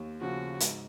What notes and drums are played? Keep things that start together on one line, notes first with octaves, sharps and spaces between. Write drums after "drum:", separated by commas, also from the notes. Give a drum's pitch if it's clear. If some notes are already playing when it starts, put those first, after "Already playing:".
Already playing: D#2
C#3 F3 F#4
G#2, drum: hi-hat